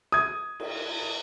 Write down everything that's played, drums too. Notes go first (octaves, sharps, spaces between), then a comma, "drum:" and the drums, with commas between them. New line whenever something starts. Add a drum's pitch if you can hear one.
D#6 G#6
drum: cymbal